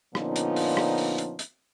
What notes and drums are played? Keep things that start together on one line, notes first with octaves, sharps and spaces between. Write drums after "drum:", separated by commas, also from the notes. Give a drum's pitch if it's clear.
A#2 D3 F3 B3 C#4 D#4, drum: rim click
drum: hi-hat
drum: open hi-hat
drum: rim click
drum: open hi-hat
drum: hi-hat
drum: hi-hat